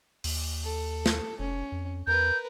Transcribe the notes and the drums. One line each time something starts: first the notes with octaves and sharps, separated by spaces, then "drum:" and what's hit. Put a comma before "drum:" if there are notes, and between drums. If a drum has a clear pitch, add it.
D#2, drum: open hi-hat
A4
drum: snare
F1 C#4
F2
E2 A#4 B4 G6